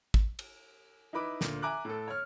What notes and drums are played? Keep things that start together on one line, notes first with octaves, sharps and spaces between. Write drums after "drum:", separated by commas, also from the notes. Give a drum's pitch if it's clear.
drum: kick
drum: cymbal
D#4 E4 B4 B5 D6
D2 A#2, drum: snare
E5 G#5 A#5 D6 F#6
A2 A4
C#5 F6